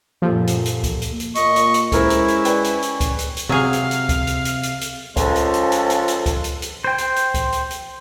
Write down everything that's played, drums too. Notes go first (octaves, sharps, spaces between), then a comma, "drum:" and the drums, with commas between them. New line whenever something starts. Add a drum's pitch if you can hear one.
F#2 A#2 F3 A#3 G4 A4
drum: hi-hat
drum: hi-hat
drum: kick C#2, hi-hat
drum: hi-hat
drum: hi-hat
A#2 D#5 C#6, drum: hi-hat
drum: hi-hat
drum: hi-hat
G#3 C#4 E4 A4 A#4 C5, drum: kick C#2, hi-hat
drum: hi-hat
drum: hi-hat
B4 D5 G5, drum: hi-hat
drum: hi-hat
drum: hi-hat
drum: kick C#2, hi-hat
drum: hi-hat
drum: hi-hat
C3 F#3 G#4 F5
drum: hi-hat
drum: hi-hat
drum: kick C#2, hi-hat
drum: hi-hat
drum: hi-hat
drum: hi-hat
drum: hi-hat
C#2 C#3 F3 G#3 A4, drum: kick C#2, hi-hat
drum: hi-hat
drum: hi-hat
drum: hi-hat
drum: hi-hat
drum: hi-hat
drum: kick C#2, hi-hat
drum: hi-hat
drum: hi-hat
C5 G5
drum: hi-hat
drum: hi-hat
drum: kick C#2, hi-hat
drum: hi-hat
drum: hi-hat